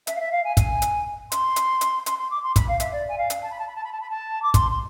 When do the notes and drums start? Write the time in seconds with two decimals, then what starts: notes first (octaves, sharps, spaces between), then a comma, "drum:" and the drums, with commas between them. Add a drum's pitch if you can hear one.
0.07 E5, drum: hi-hat
0.16 F5
0.20 E5
0.32 F5
0.44 G#5
0.57 G#5, drum: kick, hi-hat
0.82 drum: hi-hat
1.32 C6, drum: hi-hat
1.56 drum: hi-hat
1.81 drum: hi-hat
2.06 C6, drum: hi-hat
2.18 C6
2.31 D6
2.43 C6
2.56 B5, drum: kick, hi-hat
2.68 F5
2.80 E5, drum: hi-hat
2.92 D5
3.09 G#5
3.18 F5
3.30 drum: hi-hat
3.42 A5
3.51 B5
3.59 A5
3.68 B5
3.75 A5
3.84 B5
3.92 A5
4.01 B5
4.10 A5
4.42 D6
4.54 C6, drum: kick, hi-hat
4.71 C6